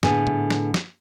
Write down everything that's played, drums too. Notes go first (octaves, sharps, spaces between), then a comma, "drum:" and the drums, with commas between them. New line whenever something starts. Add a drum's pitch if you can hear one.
A2 D3 A3 B3 G#4, drum: snare
drum: tom A2
drum: snare
drum: snare